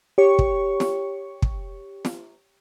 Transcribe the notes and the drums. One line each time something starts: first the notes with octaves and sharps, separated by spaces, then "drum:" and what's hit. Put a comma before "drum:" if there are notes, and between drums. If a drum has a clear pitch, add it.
G4 C#5 C#6
drum: kick
drum: snare
drum: kick
drum: snare